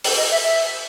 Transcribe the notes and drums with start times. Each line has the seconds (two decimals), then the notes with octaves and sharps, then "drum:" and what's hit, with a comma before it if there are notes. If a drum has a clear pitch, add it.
0.04 drum: open hi-hat
0.17 D#5
0.31 E5
0.44 E5